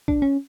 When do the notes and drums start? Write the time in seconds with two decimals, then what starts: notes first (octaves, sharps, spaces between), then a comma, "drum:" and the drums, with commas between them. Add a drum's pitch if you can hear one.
0.08 D4, drum: kick
0.22 C#4